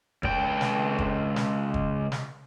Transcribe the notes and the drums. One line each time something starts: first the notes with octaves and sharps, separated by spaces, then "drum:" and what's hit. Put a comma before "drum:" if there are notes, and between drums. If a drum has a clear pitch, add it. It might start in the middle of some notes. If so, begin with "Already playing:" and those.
C#2 G5, drum: kick E1
drum: snare
drum: kick E1
drum: snare
drum: kick E1
drum: snare